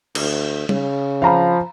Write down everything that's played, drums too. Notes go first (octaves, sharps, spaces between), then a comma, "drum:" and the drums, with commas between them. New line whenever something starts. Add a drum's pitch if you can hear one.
D2, drum: cymbal
C#3, drum: tom G3
F3 F5 A#5 B5